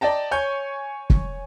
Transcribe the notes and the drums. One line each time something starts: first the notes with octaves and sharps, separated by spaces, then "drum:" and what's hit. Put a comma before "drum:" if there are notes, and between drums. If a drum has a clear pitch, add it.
D5 D#5 G5 A5 A#5
C#5 G#5 C#6 G6
drum: kick